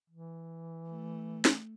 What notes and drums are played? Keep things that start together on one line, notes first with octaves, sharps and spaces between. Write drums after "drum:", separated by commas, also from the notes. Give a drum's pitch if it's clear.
E3
A3
drum: snare